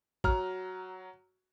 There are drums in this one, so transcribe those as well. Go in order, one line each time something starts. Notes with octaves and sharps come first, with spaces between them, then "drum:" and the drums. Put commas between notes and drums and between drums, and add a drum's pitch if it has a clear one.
F#3 A#5 F6, drum: kick